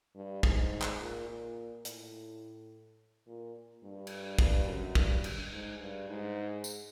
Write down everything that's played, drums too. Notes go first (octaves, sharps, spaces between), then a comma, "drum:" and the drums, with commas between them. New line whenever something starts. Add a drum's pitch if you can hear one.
G2
G#2, drum: kick
drum: clap
A#2
A#2
A2, drum: hi-hat
A#2
G2
drum: cymbal
G2, drum: kick
F#2
G2, drum: kick
drum: cymbal
G#2
G2
G#2
drum: tambourine